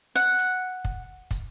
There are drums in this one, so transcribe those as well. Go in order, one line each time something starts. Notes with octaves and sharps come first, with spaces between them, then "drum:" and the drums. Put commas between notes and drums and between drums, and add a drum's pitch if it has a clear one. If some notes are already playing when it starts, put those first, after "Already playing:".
F#5
drum: hi-hat
drum: kick
drum: kick, hi-hat